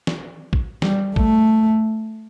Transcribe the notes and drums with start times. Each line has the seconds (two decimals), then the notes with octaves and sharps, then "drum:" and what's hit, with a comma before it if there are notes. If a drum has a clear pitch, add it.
0.07 drum: snare
0.53 drum: kick A1
0.82 G3, drum: snare
1.16 A3, drum: kick A1